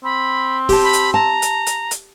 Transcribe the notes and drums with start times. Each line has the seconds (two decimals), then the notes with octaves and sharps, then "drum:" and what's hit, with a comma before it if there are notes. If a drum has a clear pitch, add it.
0.04 C4 B5
0.69 G4 A5, drum: kick C#1, open hi-hat
0.84 B5
0.93 drum: hi-hat
1.14 A5 A#5
1.42 drum: hi-hat
1.66 drum: hi-hat
1.91 drum: hi-hat